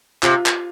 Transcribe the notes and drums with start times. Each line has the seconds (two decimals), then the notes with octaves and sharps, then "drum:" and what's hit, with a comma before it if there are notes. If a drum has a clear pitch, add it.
0.23 C3 F4, drum: clap
0.46 drum: clap